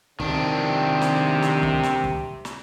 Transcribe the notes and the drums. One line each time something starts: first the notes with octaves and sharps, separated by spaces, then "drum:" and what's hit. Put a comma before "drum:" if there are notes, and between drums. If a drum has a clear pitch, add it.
C3 D#3 D4, drum: kick
drum: snare
drum: snare
drum: kick
drum: snare
drum: kick
drum: snare